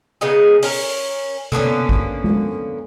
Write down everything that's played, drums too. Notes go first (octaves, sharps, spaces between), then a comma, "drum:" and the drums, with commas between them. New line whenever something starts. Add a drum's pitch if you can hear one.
C#3 B3 D#4 G#4
C#4 A#4, drum: open hi-hat
D3 A#3 B3 C#4, drum: tom C3
drum: kick A1
drum: tom G#3